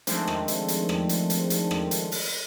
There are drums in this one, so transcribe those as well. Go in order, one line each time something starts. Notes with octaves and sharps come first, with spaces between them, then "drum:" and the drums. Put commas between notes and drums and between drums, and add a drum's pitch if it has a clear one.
D#3 F3 G#3 A3 C4 D4, drum: hi-hat
drum: rim click
drum: hi-hat
drum: hi-hat
drum: rim click
drum: hi-hat
drum: hi-hat
drum: hi-hat
drum: rim click
drum: hi-hat
drum: open hi-hat